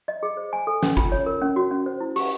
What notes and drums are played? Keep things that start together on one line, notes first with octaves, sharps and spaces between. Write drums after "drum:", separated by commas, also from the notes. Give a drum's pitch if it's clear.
D#5
G#4
C5
G#5
A4
C#4, drum: snare
F4, drum: kick G1
C#5
A#4
C#4
F#4
C#4
C5
E4
G4, drum: open hi-hat